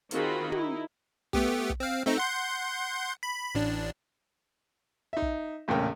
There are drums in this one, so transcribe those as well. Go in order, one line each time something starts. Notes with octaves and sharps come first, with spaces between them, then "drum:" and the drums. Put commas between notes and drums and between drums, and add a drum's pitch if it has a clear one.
D#3 C4 F4 F#4 G#4 B5, drum: hi-hat
D#4 E4, drum: tom
A3 B3 G4, drum: kick
drum: kick
C4 F5
A3 C4 D#4
F#5 C6 G6
B5
A1 D4
D#4 E5
drum: kick
A#1 E2 A2 C#3 A#4 G5